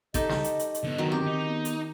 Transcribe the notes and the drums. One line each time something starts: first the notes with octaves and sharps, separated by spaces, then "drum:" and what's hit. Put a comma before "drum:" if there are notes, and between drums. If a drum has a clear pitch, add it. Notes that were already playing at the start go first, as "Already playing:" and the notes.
D#4 G4 A4 D#5, drum: kick, hi-hat
drum: snare
drum: hi-hat
drum: hi-hat
drum: hi-hat
D3 B3
D#3 F#3
C4 G4
D#4
B3
drum: hi-hat